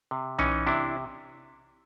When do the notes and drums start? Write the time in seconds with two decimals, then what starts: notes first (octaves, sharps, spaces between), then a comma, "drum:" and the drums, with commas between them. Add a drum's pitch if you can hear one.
0.11 C3
0.39 E3 C#4 D#4, drum: tom B1
0.67 C3 D4 E4